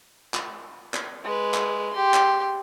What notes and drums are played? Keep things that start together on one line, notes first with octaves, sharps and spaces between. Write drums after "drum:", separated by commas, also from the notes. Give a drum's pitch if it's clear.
drum: clap
drum: clap
G#3 B4
drum: clap
G4 C6
drum: clap